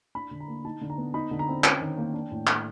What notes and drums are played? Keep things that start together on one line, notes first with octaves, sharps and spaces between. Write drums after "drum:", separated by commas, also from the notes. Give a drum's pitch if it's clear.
D4 B5
D3
A#5
A#3
D#4 A5
D3
A#5
B3
D#4 B5
D3
A#5
C4
C#4 G5, drum: clap
D#3
A#3
D4
A2
A3, drum: clap